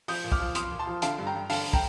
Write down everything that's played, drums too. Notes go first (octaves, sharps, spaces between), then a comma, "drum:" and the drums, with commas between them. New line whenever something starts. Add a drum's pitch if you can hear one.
F3 D#6 G6, drum: open hi-hat
A#2
D6 F6, drum: kick
F3
F3 C6 D#6, drum: hi-hat
A#2
A5 C6
F3
D3 F5 A5, drum: hi-hat
G2
G5 A#5
G2
D3 F5 A5, drum: open hi-hat
G5 A#5, drum: kick